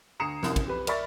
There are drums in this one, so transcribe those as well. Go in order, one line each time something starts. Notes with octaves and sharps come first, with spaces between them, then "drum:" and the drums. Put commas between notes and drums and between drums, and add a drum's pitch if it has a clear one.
D2 A#5 D#6 C7 C#7 E7
C2 F#2 D#6 E7, drum: snare
drum: kick, cymbal
F2 G4 B4
A#4 D5 E5 B5 C#6 A6, drum: cymbal